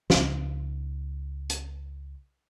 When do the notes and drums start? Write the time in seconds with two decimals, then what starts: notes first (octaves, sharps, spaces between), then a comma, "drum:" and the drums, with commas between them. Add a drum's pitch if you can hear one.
0.10 C#2 D#4, drum: snare
1.50 drum: hi-hat